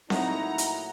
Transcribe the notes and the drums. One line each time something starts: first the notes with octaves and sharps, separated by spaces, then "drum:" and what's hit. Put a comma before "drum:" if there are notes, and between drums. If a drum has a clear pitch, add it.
A#2 F#3 A3 D#4 E4 F#5 A#5, drum: snare C4
drum: hi-hat